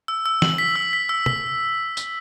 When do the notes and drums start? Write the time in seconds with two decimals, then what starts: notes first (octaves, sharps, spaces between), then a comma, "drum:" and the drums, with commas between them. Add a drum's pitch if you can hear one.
0.08 E6
0.26 E6
0.42 F#7, drum: snare
0.58 B6
0.76 E6
0.93 B6
1.09 E6
1.26 B6, drum: tom C3
1.97 drum: tambourine